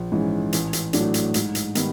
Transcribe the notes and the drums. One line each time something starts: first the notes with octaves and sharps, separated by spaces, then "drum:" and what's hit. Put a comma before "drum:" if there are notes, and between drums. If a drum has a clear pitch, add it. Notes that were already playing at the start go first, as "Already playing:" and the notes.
Already playing: A#1
G#2 E3 G#3 C#4
A1, drum: hi-hat
drum: hi-hat
A2 F#3 A3 D4, drum: hi-hat
drum: hi-hat
G#2, drum: hi-hat
drum: hi-hat
D#3 G3 B3, drum: hi-hat